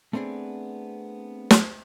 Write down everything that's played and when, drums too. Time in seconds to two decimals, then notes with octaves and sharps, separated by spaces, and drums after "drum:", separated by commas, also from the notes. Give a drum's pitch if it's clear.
0.13 A3 B3 C4 D4 G#4
1.51 drum: snare